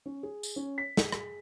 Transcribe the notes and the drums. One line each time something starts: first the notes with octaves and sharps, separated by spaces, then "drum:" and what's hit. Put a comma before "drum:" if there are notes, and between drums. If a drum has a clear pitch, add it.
C#4
G#4
drum: tambourine
C#4
B6
G#4, drum: snare
drum: rim click